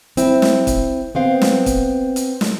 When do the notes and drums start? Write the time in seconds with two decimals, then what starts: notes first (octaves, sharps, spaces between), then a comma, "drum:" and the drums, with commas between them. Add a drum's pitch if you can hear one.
0.17 C4 E4, drum: hi-hat
0.42 drum: snare
0.67 drum: kick, hi-hat
1.15 B3 C4 F5
1.41 drum: snare
1.66 drum: kick, hi-hat
2.16 drum: hi-hat
2.41 drum: snare